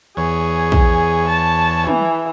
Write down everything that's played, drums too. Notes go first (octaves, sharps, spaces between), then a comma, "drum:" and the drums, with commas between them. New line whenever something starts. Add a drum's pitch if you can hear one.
E2 G#4 C#5
drum: kick
A5
E3, drum: tom